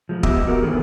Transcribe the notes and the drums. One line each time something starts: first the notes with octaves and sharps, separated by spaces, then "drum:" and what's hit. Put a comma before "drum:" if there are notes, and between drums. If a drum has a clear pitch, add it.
F3 G#3
B3 G4 D#5 E5, drum: kick
F#4 A#4
D3 D#3 G3 B3 G#4